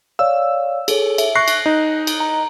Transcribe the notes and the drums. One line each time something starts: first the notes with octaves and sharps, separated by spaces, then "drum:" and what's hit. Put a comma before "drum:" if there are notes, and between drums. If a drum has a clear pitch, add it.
C#5 D5 F5 E6
G#4 A4 C#5, drum: cymbal
E5, drum: cymbal
C#6 F#6 A#6 C7
drum: cymbal
D#4
drum: cymbal
A#5